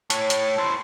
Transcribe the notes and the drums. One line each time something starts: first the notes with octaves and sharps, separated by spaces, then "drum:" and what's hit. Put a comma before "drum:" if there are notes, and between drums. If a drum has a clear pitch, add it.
A3 C#5, drum: hi-hat
drum: hi-hat
E4 C5